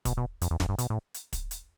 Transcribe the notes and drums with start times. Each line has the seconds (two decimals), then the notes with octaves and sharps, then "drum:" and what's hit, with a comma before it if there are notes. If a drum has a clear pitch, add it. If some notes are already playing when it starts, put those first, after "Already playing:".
0.05 B2, drum: kick, hi-hat
0.17 B2
0.42 F2, drum: hi-hat
0.51 E2
0.60 F2, drum: snare
0.69 G2
0.78 B2, drum: hi-hat
0.90 A2
1.14 drum: hi-hat
1.33 drum: kick, hi-hat
1.51 drum: hi-hat